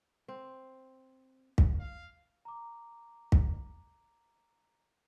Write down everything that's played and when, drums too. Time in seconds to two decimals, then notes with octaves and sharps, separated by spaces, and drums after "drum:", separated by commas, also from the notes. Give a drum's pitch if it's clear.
0.28 C4
1.58 drum: kick
1.80 F5
2.45 A#5 D6
3.32 drum: kick